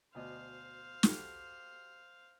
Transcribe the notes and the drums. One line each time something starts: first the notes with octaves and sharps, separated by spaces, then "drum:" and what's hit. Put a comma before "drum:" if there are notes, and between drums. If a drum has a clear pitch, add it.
D2 B2 C5 D#5 F5
F#4 G4 A4, drum: snare